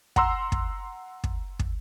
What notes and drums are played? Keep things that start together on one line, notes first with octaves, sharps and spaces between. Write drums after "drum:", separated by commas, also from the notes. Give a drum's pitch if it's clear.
F#5 A#5 C6 E6, drum: kick
drum: kick
drum: kick
drum: kick